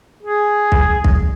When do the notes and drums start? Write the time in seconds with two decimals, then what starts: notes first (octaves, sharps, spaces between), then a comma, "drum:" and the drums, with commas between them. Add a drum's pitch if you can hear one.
0.23 G#4
0.72 drum: kick
1.04 drum: kick